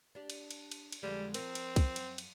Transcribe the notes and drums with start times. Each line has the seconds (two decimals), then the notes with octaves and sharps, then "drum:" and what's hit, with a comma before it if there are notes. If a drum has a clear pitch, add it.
0.15 D4 G4
0.30 drum: cymbal
0.51 drum: cymbal
0.71 drum: cymbal
0.92 drum: cymbal
1.03 F2 D3 G3 G#3
1.34 F3 C4 A#4, drum: cymbal
1.55 drum: cymbal
1.76 drum: kick C2, cymbal
1.96 F#2, drum: cymbal
2.18 drum: cymbal